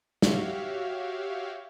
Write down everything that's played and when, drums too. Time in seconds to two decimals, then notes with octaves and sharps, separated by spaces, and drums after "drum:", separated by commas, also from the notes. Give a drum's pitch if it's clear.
0.22 F#4 G4 C#5 E5 F5, drum: snare